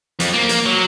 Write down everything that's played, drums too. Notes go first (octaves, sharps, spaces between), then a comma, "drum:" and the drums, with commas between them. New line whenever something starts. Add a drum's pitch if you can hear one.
F2, drum: hi-hat
A#3
drum: hi-hat
F#3